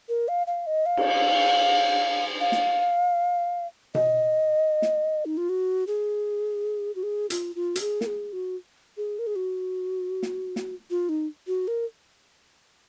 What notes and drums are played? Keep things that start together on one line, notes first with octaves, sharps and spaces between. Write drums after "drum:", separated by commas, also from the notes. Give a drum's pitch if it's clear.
A#4
F5
F5
D#5
F5
drum: cymbal
F5
drum: snare
D#5, drum: tom B2
drum: snare
D#4
F4
F#4
G#4
F#4
G#4
F4, drum: hi-hat
F4
F#4, drum: hi-hat
G#4
A#4, drum: snare
G#4
F#4
G#4
A#4
G#4
F#4
drum: snare
drum: snare
F4
D#4
F#4
A#4